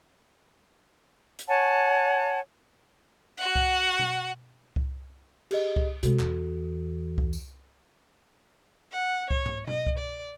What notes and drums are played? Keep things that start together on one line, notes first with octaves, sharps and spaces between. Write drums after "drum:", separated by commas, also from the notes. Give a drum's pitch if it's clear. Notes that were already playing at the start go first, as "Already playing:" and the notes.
drum: hi-hat
C#5 F#5 G#5 A5
F#4 F#5
drum: kick C2
drum: tom B2
drum: kick C2
G4 G#4 D#5, drum: cymbal
drum: kick C2
C3 G#3 F#4 A4, drum: hi-hat
E2 E3, drum: clap
drum: kick C2
drum: tambourine
F#5
C#5, drum: kick C2
drum: tom
D#5, drum: tom B2
drum: kick C2
D5